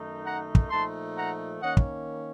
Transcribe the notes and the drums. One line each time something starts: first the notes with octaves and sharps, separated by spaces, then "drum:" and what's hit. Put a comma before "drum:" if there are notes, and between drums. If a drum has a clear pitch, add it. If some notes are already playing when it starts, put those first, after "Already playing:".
Already playing: F#2 D#3 A3 D#4
F#5 A#5
drum: kick
A#2 F3 A3 D#4 A5 C6
F#5 A#5
D#3 A#3 C#4 D#5 F#5
drum: kick